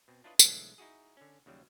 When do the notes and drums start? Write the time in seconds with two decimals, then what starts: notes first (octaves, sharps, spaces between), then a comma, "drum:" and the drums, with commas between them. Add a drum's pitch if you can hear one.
0.08 B2 C4
0.24 D4 E4 F4 B4 C#5 D#5
0.39 B1 D3 E3 F3 G#3 A3, drum: tambourine
0.78 D#4 E4 F#4 G#4
1.17 D3 C#4
1.46 D#2 C#3 F#3 G3